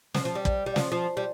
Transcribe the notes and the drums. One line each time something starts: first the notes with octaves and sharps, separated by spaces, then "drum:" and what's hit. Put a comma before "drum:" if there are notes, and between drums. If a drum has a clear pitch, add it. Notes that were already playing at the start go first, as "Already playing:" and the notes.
F3, drum: snare
F3
G3
drum: kick
G3
F3, drum: snare
F3
G3